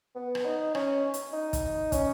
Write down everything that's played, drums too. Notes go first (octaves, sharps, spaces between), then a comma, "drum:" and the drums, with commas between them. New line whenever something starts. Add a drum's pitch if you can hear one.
B3
drum: rim click
D#4
C#4, drum: rim click
drum: hi-hat
D#4
drum: kick, hi-hat
C#4, drum: kick, hi-hat